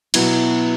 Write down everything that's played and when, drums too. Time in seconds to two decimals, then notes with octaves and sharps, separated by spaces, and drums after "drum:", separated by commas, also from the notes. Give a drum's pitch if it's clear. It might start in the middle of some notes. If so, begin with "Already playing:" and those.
0.14 B2 F#3 B3 E4, drum: cymbal